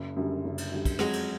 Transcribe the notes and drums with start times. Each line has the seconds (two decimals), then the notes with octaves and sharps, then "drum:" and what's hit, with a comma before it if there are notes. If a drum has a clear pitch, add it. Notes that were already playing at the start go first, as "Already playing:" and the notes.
Already playing: F#1
0.16 F#2 D3 G3
0.44 F#1
0.58 drum: cymbal
0.72 F#2 D3 G3
0.85 drum: kick, cymbal
0.99 F2 F#3 G#3, drum: rim click
1.13 drum: cymbal